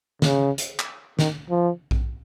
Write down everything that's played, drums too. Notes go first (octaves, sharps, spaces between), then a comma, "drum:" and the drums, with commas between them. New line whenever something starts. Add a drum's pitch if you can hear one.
C#3, drum: snare
drum: hi-hat
drum: clap
D#3, drum: snare
F3
drum: kick A#1